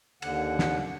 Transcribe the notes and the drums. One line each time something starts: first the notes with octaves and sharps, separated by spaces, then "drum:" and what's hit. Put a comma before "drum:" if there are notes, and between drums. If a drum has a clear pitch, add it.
D#2 D3 F#5, drum: cymbal
drum: snare